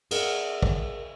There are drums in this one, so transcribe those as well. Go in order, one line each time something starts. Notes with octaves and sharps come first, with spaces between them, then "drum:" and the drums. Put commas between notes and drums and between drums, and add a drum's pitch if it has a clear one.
G#4 A#4 F#5, drum: cymbal
drum: kick